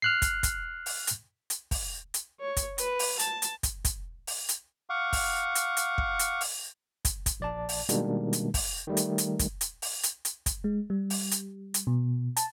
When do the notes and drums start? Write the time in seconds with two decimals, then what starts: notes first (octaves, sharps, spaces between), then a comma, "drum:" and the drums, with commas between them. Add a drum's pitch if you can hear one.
0.02 F6 F#6 C7
0.22 drum: kick, hi-hat
0.43 drum: kick, hi-hat
0.86 drum: open hi-hat
1.07 drum: hi-hat
1.50 drum: hi-hat
1.71 drum: kick, open hi-hat
2.14 drum: hi-hat
2.40 C#5
2.57 drum: kick, hi-hat
2.78 B4, drum: hi-hat
2.99 drum: open hi-hat
3.19 A5, drum: hi-hat
3.42 drum: hi-hat
3.63 drum: kick, hi-hat
3.85 drum: kick, hi-hat
4.27 drum: open hi-hat
4.49 drum: hi-hat
4.90 F5 F#5 C#6 D6
5.13 drum: kick, open hi-hat
5.55 drum: hi-hat
5.77 drum: hi-hat
5.98 drum: kick
6.19 drum: hi-hat
6.41 drum: open hi-hat
7.05 drum: kick, hi-hat
7.26 drum: kick, hi-hat
7.40 A#1 D5 A5
7.69 drum: open hi-hat
7.89 B2 D#3 G3 G#3 A#3 D4, drum: hi-hat
8.33 drum: hi-hat
8.54 drum: kick, open hi-hat
8.87 D#3 G3 A3
8.97 drum: hi-hat
9.18 drum: hi-hat
9.39 drum: kick, hi-hat
9.61 drum: hi-hat
9.82 drum: open hi-hat
10.03 drum: hi-hat
10.25 drum: hi-hat
10.46 drum: kick, hi-hat
10.64 G#3
10.90 G3
11.10 drum: open hi-hat
11.31 drum: hi-hat
11.74 drum: hi-hat
11.87 B2
12.37 A5, drum: hi-hat